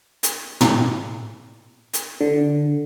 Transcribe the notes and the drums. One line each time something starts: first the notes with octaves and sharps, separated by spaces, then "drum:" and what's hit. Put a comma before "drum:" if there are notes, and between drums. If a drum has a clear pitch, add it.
drum: hi-hat
drum: tom
drum: hi-hat
D3